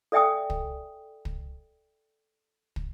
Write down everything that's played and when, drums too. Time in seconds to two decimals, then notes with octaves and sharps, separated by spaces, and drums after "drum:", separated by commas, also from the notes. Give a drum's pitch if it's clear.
0.12 A4 D5 E5 G5 G#5 D#6
0.50 drum: kick
1.25 drum: kick
2.76 drum: kick